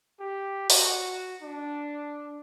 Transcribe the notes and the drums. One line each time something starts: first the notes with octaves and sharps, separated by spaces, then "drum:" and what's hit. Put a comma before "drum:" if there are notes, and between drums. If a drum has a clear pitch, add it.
G4
F#4, drum: open hi-hat
D4